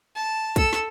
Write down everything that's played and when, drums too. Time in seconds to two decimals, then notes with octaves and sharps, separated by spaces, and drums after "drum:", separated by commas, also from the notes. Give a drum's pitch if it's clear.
0.16 A5
0.56 A4 E6, drum: kick, hi-hat
0.73 drum: snare